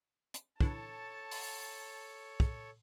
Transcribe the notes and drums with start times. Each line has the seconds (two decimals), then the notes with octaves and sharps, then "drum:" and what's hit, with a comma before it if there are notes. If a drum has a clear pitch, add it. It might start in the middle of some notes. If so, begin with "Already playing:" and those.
0.34 drum: hi-hat
0.61 D3 E3 A4 C#5 A5, drum: kick
1.31 drum: open hi-hat
2.40 drum: kick